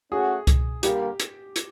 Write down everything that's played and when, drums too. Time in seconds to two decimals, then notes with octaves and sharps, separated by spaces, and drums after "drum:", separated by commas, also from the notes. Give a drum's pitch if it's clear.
0.11 A3 C#4 F#4 G#4
0.47 drum: kick C2, hi-hat
0.83 D3 G3 A#3 G4, drum: hi-hat
1.20 drum: hi-hat
1.56 drum: hi-hat